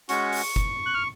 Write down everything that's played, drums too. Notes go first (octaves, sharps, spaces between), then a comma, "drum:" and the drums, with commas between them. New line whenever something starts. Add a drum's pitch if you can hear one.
G#3 C#4 F#4 C#6, drum: hi-hat
drum: open hi-hat
drum: kick F#1, hi-hat
F#6
F6